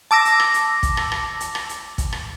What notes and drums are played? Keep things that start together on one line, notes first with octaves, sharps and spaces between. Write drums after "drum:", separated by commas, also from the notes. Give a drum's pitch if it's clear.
A5 D6 E6 A#6
drum: hi-hat
drum: rim click
drum: hi-hat
drum: kick, hi-hat
drum: rim click
drum: rim click
drum: hi-hat
drum: rim click
drum: hi-hat
drum: kick, hi-hat
drum: rim click